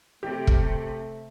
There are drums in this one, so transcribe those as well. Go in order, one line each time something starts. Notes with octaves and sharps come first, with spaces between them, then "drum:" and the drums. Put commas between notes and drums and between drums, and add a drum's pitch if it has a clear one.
C3 A3 G4
drum: kick